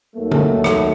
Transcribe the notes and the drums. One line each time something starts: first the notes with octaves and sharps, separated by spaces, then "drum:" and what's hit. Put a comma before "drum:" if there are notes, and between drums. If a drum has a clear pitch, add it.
D#2 D#3 F#3 A3 A#3
drum: tom
drum: rim click